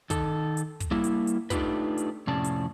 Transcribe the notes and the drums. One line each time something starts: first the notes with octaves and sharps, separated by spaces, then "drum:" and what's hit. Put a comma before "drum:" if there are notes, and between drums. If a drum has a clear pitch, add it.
D#3 A4, drum: kick, hi-hat
drum: hi-hat
drum: kick, hi-hat
G3 A#3 E4
drum: hi-hat
drum: hi-hat
A3 D4 D#4 F4 G4 B4, drum: kick, hi-hat
drum: hi-hat
F2 A2 C3 C#4 D5 A5
drum: hi-hat